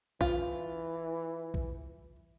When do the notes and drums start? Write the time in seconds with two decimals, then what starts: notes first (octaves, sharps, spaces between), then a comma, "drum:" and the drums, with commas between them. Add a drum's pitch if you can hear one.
0.21 E3 F4, drum: kick
1.54 drum: kick